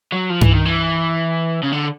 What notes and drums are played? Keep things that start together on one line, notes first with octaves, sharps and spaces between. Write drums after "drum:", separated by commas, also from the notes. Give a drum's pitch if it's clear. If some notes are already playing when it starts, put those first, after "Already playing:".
F#3
F3
E3, drum: tom G2
D#3
E3
C#3
D3